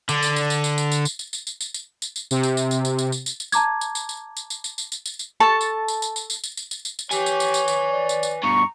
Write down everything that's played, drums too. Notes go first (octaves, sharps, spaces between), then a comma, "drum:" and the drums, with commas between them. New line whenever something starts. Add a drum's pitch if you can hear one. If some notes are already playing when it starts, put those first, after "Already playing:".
D3, drum: tambourine
drum: tambourine
drum: tambourine
drum: tambourine
drum: tambourine
drum: tambourine
drum: tambourine
drum: tambourine
drum: tambourine
drum: tambourine
drum: tambourine
drum: tambourine
drum: tambourine
drum: tambourine
drum: tambourine
C3, drum: tambourine
drum: tambourine
drum: tambourine
drum: tambourine
drum: tambourine
drum: tambourine
drum: tambourine
drum: tambourine
drum: tambourine
A5 A#5 D6 G#6, drum: tambourine
drum: tambourine
drum: tambourine
drum: tambourine
drum: tambourine
drum: tambourine
drum: tambourine
drum: tambourine
drum: tambourine
drum: tambourine
drum: tambourine
A4 A5 C#6
drum: tambourine
drum: tambourine
drum: tambourine
drum: tambourine
drum: tambourine
drum: tambourine
drum: tambourine
drum: tambourine
drum: tambourine
drum: tambourine
G4 B4 C#5 G#5, drum: tambourine
drum: tambourine
drum: tambourine
drum: tambourine
drum: tambourine
D5
drum: tambourine
drum: tambourine
G2 B2 A#5 C#6